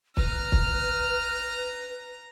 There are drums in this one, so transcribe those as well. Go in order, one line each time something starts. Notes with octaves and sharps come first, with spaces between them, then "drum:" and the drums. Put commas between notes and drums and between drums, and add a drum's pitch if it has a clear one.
B4 A#5 F6, drum: kick
drum: kick